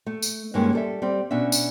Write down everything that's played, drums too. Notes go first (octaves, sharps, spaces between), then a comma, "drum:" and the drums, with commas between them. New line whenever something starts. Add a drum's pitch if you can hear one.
A3
drum: tambourine
G2 D#3 G#3 A#3 C#4
G3 A4 E5
G3 C4
B2 C#4 D4 E5
drum: tambourine